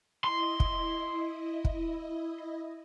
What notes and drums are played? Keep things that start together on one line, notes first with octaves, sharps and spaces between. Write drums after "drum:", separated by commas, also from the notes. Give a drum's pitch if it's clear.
E4 D#5 C6
drum: kick
drum: kick